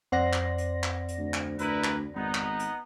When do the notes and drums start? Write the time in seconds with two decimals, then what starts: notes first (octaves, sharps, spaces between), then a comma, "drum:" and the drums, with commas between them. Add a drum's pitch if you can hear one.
0.12 F2 C4 C5 D5 F#5 A#6
0.33 drum: clap
0.58 drum: hi-hat
0.83 drum: clap
1.09 drum: hi-hat
1.18 D2
1.34 drum: clap
1.59 D2 E4 A#4 B4, drum: hi-hat
1.84 drum: clap
2.15 G#1 B3 D#4
2.34 drum: clap
2.59 drum: hi-hat